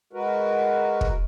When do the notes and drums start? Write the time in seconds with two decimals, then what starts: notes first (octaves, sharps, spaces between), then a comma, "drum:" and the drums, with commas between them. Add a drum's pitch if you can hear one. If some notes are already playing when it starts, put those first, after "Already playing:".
0.13 G#3 F#4 A#4 B4
1.01 drum: kick